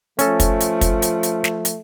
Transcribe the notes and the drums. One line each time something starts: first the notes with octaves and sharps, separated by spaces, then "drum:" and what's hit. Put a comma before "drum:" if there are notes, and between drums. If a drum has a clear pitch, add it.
F3 A3 C#4 A4, drum: hi-hat
drum: kick, hi-hat
drum: hi-hat
drum: kick, hi-hat
drum: hi-hat
drum: hi-hat
drum: snare
drum: hi-hat